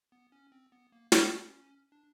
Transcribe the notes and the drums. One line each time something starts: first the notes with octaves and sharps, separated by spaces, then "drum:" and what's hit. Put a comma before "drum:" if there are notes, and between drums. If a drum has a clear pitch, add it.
B3
C#4
C4
B3
A#3
C4, drum: snare
C#4
D4